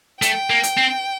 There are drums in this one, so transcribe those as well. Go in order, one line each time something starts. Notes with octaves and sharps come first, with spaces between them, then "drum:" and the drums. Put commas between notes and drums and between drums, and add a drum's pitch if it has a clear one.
A3 G5, drum: hi-hat
A#3
drum: hi-hat
C4